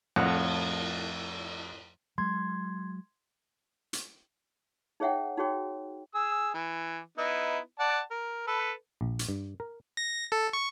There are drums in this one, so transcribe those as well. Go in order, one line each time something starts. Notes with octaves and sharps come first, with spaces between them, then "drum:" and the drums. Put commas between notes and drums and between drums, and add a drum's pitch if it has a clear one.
F2 A2 F#5, drum: cymbal
F#3 G#3 C6 G#6
drum: hi-hat
D#4 G#4 C#5 E5 F#5 G5
D#4 F#4 G#4 C#5 G5
G#4 E6
E3
B3 D#4 E4
D5 F#5 A5
A#4
A4 B4
A#1
drum: hi-hat
G2
A#4
A#6
A4
C#6